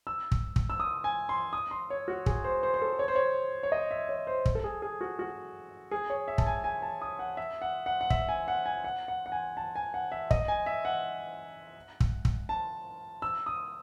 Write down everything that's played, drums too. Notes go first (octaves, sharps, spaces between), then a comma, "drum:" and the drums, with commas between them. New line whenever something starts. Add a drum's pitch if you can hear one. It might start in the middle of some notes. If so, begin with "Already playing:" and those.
E6
drum: kick
drum: kick
E6
D#6
G#5
C6
D#6
C6
C#5
F#4
G#4, drum: kick
C5
C5
C5
A4
C#5
C5
C#5
C#5
D#5
E5
C#5
C5
drum: kick
A4
G#4
G#4
F#4
F#4
G#4
C#5
E5
A5, drum: kick
G#5
G#5
A5
D#6
F#5
E5
F#5
F#5
F#5
E5, drum: kick
G#5
F#5
G#5
F#5
F#5
F#5
G#5
A5
G#5
F#5
E5
D#5, drum: kick
G#5
E5
F#5
drum: kick
drum: kick
A5
E6
D#6